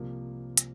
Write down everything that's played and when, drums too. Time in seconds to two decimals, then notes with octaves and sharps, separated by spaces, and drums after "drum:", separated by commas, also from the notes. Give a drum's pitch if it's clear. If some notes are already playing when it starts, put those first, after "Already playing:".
Already playing: C2 C3 F3 A#3
0.57 drum: hi-hat